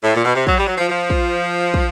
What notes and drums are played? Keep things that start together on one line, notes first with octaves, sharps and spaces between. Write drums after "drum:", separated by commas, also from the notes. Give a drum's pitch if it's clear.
A2
A#2
B2
C3
F#3, drum: kick
G3
F#3
F3
F3
drum: kick
drum: kick